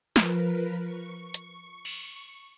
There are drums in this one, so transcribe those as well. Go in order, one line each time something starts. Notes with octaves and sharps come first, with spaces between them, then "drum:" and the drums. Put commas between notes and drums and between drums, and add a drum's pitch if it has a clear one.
F3 A#4 B4, drum: snare
C#6
drum: hi-hat
drum: cymbal